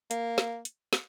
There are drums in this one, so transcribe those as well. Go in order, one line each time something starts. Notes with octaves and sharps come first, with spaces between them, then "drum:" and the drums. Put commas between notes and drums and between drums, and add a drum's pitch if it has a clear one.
A#3, drum: hi-hat
drum: snare
drum: hi-hat
drum: snare